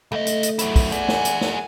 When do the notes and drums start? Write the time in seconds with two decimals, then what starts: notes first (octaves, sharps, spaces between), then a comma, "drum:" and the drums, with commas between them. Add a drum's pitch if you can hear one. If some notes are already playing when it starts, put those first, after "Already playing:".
0.12 C#2 A3 D#5
0.27 drum: hi-hat
0.43 drum: hi-hat
0.59 F#3 E4, drum: hi-hat
0.76 drum: kick, open hi-hat
0.92 G#4 D5 F#5 G#5, drum: hi-hat
1.08 drum: snare
1.25 drum: hi-hat
1.41 drum: snare